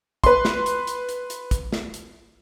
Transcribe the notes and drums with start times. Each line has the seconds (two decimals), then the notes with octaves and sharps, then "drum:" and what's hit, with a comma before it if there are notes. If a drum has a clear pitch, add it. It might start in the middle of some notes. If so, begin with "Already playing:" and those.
0.24 B4 C6, drum: kick, hi-hat
0.45 drum: snare
0.66 drum: hi-hat
0.87 drum: hi-hat
1.09 drum: hi-hat
1.30 drum: hi-hat
1.51 drum: kick, hi-hat
1.73 drum: snare
1.94 drum: hi-hat